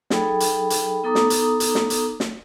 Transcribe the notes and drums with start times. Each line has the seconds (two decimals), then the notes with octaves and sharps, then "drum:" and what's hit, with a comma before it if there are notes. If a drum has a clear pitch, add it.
0.10 F#3 D#4 G#4 A4 G5 B5, drum: snare
0.40 drum: hi-hat
0.70 drum: hi-hat
1.04 B3 D#4 A4 A#5 D6 D#6
1.15 drum: snare
1.30 drum: hi-hat
1.60 drum: hi-hat
1.75 drum: snare
1.90 drum: hi-hat
2.20 drum: snare